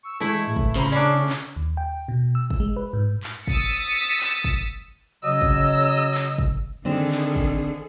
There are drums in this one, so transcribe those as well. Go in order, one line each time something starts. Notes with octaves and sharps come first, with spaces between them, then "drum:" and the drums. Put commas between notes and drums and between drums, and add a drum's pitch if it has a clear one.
C#6 E6
E3 G#3 A3 E4 G#6
A2
drum: kick
C#3 C5 A#5 B5 C7
C#4 D4 D5
drum: clap
D#2
G5
B2
E6
drum: kick
G#3
B4
G#2
drum: clap
D#6 E6 A6 B6 C#7, drum: kick
drum: clap
drum: kick
C#3 F#3 D#5 E6
drum: kick
drum: clap
drum: kick
D3 D#3 C4 G#4 A4
drum: clap
drum: kick